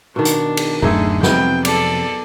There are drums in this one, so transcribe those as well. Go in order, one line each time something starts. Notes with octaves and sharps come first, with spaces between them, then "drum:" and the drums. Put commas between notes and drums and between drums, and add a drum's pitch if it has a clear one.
B2 D#3 D4
drum: hi-hat
drum: cymbal
D1 F#2 D3 A3 D#4 G#4 E5
F2 C3 F#3 B3 G5, drum: snare
A4 D5, drum: cymbal